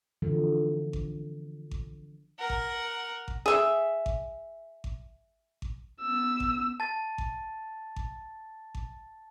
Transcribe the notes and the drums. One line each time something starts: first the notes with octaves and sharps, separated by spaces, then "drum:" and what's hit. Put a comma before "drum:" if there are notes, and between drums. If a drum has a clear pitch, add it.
D3 E3 F3
drum: kick G#1
drum: kick G#1
A#4 F#5
drum: kick G#1
drum: kick G#1
G#4 E5
drum: kick G#1
drum: kick G#1
drum: kick G#1
B3 E6
drum: kick G#1
A5 A6
drum: kick G#1
drum: kick G#1
drum: kick G#1